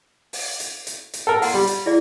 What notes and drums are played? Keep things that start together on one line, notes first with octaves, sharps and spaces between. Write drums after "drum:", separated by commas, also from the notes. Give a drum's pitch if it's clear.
drum: open hi-hat
drum: hi-hat
drum: hi-hat
drum: hi-hat
A4 A#4
F#5 A#5 C6, drum: open hi-hat
G3
drum: hi-hat
E4 G#4 D5